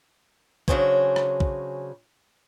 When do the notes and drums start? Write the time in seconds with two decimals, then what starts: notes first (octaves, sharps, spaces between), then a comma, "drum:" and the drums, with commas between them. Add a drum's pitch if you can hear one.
0.68 C#3 F#3 D4 G#4 C5 C#5, drum: kick
1.16 drum: rim click
1.40 drum: kick